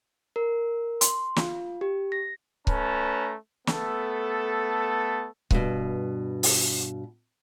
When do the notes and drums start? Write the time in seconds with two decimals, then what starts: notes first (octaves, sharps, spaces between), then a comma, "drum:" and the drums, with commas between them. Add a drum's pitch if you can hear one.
0.36 A#4
1.01 C6, drum: hi-hat
1.36 F4, drum: snare
1.81 G4
2.12 A#6
2.67 A3 C#4 B4 A5 A#5, drum: kick C#1
3.67 A3 B3 A4, drum: snare
5.51 G2 B2, drum: kick C#1
6.43 drum: open hi-hat